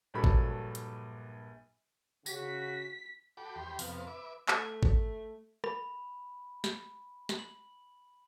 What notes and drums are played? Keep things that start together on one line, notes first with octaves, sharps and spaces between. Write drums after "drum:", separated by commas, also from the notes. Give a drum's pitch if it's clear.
A#1 G2 F#3 F#4 A4 B5
drum: kick G1
drum: hi-hat
C#3 F#4 B6, drum: tambourine
F#4 A4 G5 B5 D6
E2 G4 G5 B5 C6
F2 C3 B3 F5, drum: open hi-hat
B4 E5 D6
A3, drum: clap
drum: kick G1
B5, drum: rim click
drum: snare
drum: snare
F#7